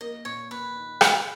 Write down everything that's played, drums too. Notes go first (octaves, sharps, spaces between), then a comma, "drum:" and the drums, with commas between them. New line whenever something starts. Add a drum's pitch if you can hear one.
A#3 D#5
A#2 C#5
A#2 B4
D#4
drum: rim click